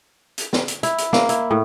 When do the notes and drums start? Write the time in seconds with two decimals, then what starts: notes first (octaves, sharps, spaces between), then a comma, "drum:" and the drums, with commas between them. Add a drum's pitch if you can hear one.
0.38 drum: hi-hat
0.53 drum: snare
0.68 drum: hi-hat
0.83 E4, drum: hi-hat
0.98 drum: hi-hat
1.13 A#3, drum: snare
1.29 E4, drum: hi-hat
1.51 A2